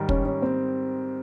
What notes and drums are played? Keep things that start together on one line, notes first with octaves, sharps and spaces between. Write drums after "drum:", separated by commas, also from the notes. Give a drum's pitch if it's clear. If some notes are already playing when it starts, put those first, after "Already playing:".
Already playing: G#2 D#3 G3
C#4, drum: kick
C#4
C4